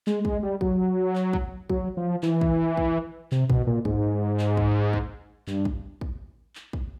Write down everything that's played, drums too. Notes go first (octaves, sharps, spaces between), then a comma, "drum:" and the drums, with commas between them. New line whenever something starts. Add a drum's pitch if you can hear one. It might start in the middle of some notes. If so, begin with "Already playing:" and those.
G#3, drum: clap
G#3, drum: kick
G3
F#3, drum: kick
drum: clap
drum: kick
F#3, drum: kick
F3
E3, drum: clap
drum: kick
drum: kick
C3, drum: clap
B2, drum: kick
A#2
G#2, drum: kick
drum: clap
drum: kick
drum: kick
G2, drum: clap
drum: kick
drum: kick
drum: clap
drum: kick